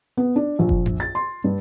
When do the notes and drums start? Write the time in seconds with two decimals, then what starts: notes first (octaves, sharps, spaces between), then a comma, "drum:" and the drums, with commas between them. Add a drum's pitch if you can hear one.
0.17 B3
0.36 D4
0.59 A#1
0.69 drum: kick F#1
0.86 drum: tom F#2
1.00 A6
1.15 C6
1.44 G2